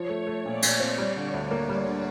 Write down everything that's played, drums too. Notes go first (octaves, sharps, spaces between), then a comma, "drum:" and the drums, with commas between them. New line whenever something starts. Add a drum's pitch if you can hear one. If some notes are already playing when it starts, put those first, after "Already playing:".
Already playing: F3 C#5
A3
A3
A#2 D5
A#2, drum: cymbal
C4
G3
D3
D2
A#3
G3
D3